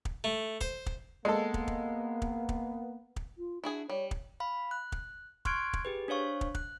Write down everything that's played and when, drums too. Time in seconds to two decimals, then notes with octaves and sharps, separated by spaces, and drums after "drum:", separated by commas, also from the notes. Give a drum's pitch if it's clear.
0.05 drum: kick
0.24 A3
0.61 C5, drum: kick
0.86 drum: kick
1.25 G#3 A#3 B3 A4
1.54 drum: kick
1.68 drum: kick
2.22 drum: kick
2.49 drum: kick
3.16 drum: kick
3.38 F4
3.64 D4 E4 F#4 G#4
3.90 G3 C#5
4.11 drum: kick
4.40 F5 B5
4.71 F#6
4.92 drum: kick
5.45 C6 C#6 F6 F#6 G#6 D7, drum: kick
5.73 drum: kick
5.85 G4 G#4 B4
6.08 D4 C5 C#5 F5 C#6
6.41 drum: kick
6.55 F#6, drum: kick